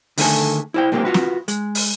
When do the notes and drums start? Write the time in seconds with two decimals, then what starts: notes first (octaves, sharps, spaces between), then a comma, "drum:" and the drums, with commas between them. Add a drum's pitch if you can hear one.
0.18 D3 D#3 A3 C4 G#4 A4, drum: open hi-hat
0.74 E4 C5 G5
0.92 B1 A#2 G#3 A#3 C4 G4
1.05 F4 F#4 B4
1.14 drum: snare
1.48 G#3, drum: hi-hat
1.75 drum: open hi-hat